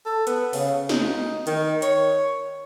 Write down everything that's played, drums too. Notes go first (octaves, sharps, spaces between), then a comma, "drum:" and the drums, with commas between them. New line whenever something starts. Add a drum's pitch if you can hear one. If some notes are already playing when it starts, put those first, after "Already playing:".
A4
B3, drum: hi-hat
C#3, drum: open hi-hat
D#4, drum: snare
D#3, drum: hi-hat
C#5, drum: hi-hat